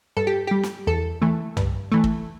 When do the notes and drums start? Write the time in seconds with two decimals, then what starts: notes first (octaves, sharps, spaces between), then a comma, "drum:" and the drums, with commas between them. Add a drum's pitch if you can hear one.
0.17 G2 A4
0.27 G4
0.47 G3 G4
0.63 drum: snare
0.87 E2 A4
1.22 E3 A3
1.57 G2, drum: tom C2
1.92 E3 A3
2.04 drum: kick